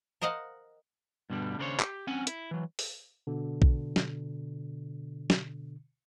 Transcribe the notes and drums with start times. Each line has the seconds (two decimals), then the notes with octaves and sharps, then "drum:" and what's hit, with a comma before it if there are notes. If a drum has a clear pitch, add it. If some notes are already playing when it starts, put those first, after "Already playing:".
0.21 A#4 C5 D#5 F5 F#5
1.30 G2 B2 D3 G3
1.58 D#2 C#3 D4 A#4 C5 C#5
1.80 G4, drum: clap
2.07 C4 C#4 F#5 G#5
2.27 E4, drum: hi-hat
2.51 E3 F#3
2.79 drum: open hi-hat
3.27 B2 D3
3.62 drum: kick A#1
3.96 drum: snare
5.30 drum: snare